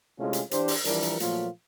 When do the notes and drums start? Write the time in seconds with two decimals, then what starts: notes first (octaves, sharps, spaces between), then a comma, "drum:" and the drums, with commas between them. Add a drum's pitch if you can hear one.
0.19 C3 G#3 A3 C#4 E4 F4
0.33 drum: hi-hat
0.51 E3 D4 G4 C5, drum: hi-hat
0.68 drum: open hi-hat
0.85 E3 F3 G3 D4 A#4, drum: hi-hat
1.03 drum: hi-hat
1.20 A#2 F3 F#3 A3 A#3 F4, drum: hi-hat